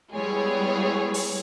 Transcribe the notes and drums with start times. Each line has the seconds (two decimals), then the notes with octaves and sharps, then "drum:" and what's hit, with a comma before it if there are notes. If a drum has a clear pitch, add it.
0.13 G3 G#3 B3 E4 G#4 C#5
1.14 drum: open hi-hat